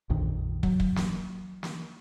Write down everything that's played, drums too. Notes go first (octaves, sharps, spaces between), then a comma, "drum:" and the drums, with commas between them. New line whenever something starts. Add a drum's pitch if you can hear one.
A#1 F2 D#3
F#3, drum: kick
drum: kick
drum: snare
drum: snare